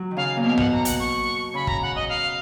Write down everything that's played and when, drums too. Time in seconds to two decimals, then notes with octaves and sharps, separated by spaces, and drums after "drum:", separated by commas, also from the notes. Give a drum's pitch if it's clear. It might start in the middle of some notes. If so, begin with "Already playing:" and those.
Already playing: F#3
0.11 D#3
0.16 C#3 F5
0.37 A#2
0.44 B2 F5
0.58 F#5, drum: tom A#1
0.72 A#5
0.85 F#5, drum: hi-hat
0.99 C#6
1.54 C#3 B5
1.67 A#5, drum: kick
1.82 F#5
1.95 D#5
2.08 F5